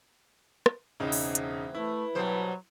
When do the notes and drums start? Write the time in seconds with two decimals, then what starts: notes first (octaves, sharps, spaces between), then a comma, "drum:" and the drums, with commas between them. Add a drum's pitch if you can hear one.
0.66 drum: rim click
1.00 E1 C#3 E3 C4 D#4
1.12 drum: open hi-hat
1.35 drum: hi-hat
1.75 A3 E4 B4
2.15 B2 F#3 G3 C5